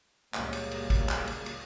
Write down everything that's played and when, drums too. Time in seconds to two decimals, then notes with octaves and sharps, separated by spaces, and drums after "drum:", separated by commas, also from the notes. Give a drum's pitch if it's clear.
0.34 C#2 A#2 C#3 F#3 G3 A#3, drum: clap
0.53 drum: cymbal
0.71 drum: cymbal
0.90 drum: kick, cymbal
1.09 drum: clap
1.28 drum: cymbal
1.46 drum: cymbal